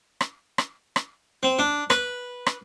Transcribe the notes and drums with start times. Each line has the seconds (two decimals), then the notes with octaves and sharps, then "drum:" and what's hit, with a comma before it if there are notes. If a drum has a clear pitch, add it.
0.21 drum: rim click
0.58 drum: rim click
0.96 drum: rim click
1.43 C4
1.59 D4
1.90 B4, drum: rim click
2.46 drum: rim click